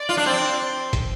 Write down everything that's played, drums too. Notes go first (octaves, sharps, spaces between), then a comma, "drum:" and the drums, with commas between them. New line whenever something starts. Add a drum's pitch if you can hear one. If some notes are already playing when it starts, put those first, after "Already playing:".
Already playing: D5
F4
D4
C4
drum: kick, hi-hat